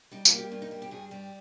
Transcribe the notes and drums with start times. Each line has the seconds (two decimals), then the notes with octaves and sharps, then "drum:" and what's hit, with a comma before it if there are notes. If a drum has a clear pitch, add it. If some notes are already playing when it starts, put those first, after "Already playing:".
0.12 G3 D#4
0.25 F4, drum: tambourine
0.32 A#3
0.38 G4
0.51 G2 F4
0.62 D#4
0.71 G3
0.82 G4
0.91 G2 G#4
1.11 G3